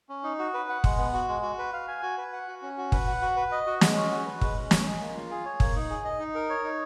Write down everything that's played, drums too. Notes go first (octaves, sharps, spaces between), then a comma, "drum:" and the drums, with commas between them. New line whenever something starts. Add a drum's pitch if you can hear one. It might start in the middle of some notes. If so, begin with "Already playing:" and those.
C#4
D#4
F#4
B4
F#5
G#3, drum: kick
B3
F#4
G#3
F#4
B4
F5
G#5
F#4
B4
F#5
F#4
C#4
F#4
B4, drum: kick
F#5
F#4
B4
D#5
F#4
G#3, drum: snare
C#4
F#4
B4
G#3, drum: kick
C#4
G#4, drum: snare
G#3
A#3
F4
G#4
C#5
A#3, drum: kick
D#4
G#4
D#5
D#4
A#4
C#5
D#4